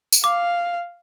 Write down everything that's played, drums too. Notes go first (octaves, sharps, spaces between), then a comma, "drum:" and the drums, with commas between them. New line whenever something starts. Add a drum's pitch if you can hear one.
drum: tambourine
F5 D6